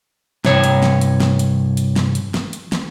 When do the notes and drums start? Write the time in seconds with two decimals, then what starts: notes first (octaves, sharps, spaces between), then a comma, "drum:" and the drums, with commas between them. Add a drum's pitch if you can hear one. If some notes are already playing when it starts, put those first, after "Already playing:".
0.45 G2 C3 C#5, drum: snare
0.64 drum: hi-hat
0.83 drum: snare
1.01 drum: hi-hat
1.20 drum: snare
1.39 drum: hi-hat
1.77 drum: hi-hat
1.96 drum: snare
2.15 drum: hi-hat
2.34 drum: snare
2.53 drum: hi-hat
2.72 drum: snare